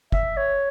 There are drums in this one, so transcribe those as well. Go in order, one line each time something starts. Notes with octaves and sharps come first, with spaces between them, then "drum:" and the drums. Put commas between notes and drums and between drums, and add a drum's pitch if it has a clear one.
E5, drum: kick
C#5